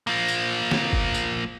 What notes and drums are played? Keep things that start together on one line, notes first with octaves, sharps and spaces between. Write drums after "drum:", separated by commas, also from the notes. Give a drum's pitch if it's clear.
F3 A#3
drum: tambourine
drum: snare
drum: kick F#1
drum: tambourine